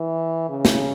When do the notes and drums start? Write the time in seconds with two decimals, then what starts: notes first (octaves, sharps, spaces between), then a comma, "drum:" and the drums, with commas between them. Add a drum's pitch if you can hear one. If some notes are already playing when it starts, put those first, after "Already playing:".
Already playing: E3
0.49 C#3
0.65 drum: snare